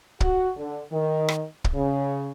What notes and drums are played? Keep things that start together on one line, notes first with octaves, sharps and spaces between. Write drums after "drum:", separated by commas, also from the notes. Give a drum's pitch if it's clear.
F#4, drum: kick
D3
D#3
drum: rim click
drum: kick
C#3